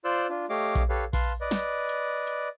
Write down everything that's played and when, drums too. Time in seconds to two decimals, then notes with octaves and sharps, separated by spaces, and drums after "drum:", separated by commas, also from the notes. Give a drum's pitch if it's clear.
0.05 F4 C5 D5 C6 E6 F#6
0.29 D4 F4
0.50 A3 G4 C#5 D#5 F5 D6
0.75 drum: kick A#1, hi-hat
0.89 G4 A4 B4 C#5 F5
1.13 B4 F5 A5 C6, drum: kick A#1, open hi-hat
1.41 B4 D5 D#5
1.51 drum: snare
1.89 drum: hi-hat
2.27 drum: hi-hat